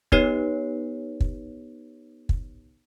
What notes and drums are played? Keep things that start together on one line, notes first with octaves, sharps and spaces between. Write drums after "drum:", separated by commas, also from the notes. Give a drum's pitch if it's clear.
B3 D#4 G4 B4 C#5 C7, drum: kick
drum: kick
drum: kick